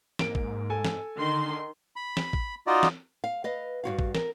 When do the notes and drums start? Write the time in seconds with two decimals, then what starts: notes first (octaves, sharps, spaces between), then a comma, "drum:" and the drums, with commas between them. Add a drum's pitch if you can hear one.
0.19 G#2 A#3 D7, drum: snare
0.35 drum: kick
0.70 A4 G#5
0.85 drum: snare
1.18 D3 D#3 C6
1.96 B5
2.17 drum: snare
2.33 drum: kick
2.67 D#4 F4 F#4 D5 D#5
2.83 drum: snare
3.24 F5
3.44 B4 D#5 F5
3.84 G2 C#3 F#4 F5
3.99 drum: kick
4.15 A#4, drum: snare